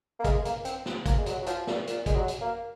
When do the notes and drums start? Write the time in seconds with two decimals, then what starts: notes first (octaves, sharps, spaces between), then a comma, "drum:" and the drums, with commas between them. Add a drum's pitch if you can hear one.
0.20 A#3
0.24 G#3, drum: kick, hi-hat
0.45 A#3, drum: hi-hat
0.65 C4, drum: hi-hat
0.86 drum: snare
1.06 A#3, drum: kick, hi-hat
1.18 G#3
1.26 F#3, drum: hi-hat
1.42 F#3
1.46 F3, drum: hi-hat
1.67 A#2, drum: snare
1.87 A#2, drum: hi-hat
2.06 G#3, drum: kick, hi-hat
2.15 F#3
2.28 drum: hi-hat
2.41 A#3